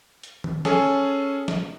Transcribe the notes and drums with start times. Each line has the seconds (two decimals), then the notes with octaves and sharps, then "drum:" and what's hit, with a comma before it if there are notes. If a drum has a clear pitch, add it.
0.23 drum: hi-hat
0.44 drum: tom D#3
0.65 C#4 G#4 A4, drum: snare
1.48 drum: snare